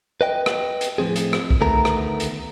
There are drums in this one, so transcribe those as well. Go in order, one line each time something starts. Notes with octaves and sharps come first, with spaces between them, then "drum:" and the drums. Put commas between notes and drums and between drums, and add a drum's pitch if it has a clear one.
B4 D#5 G5
drum: rim click
drum: hi-hat
A2 F3 C4 G#4
drum: hi-hat
drum: rim click
drum: kick C2
D2 D#3 A3 B3 A#4 A#5
drum: rim click
drum: hi-hat